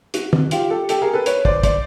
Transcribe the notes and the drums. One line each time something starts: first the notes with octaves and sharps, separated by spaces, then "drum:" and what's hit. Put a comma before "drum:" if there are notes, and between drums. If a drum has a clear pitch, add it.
F#4, drum: hi-hat
drum: tom
F4 G4, drum: hi-hat
G4 A4
G4 A4, drum: hi-hat
G#4 A#4
A4 B4
B4 C#5, drum: hi-hat
C5 D5, drum: kick
C5 D5, drum: kick, hi-hat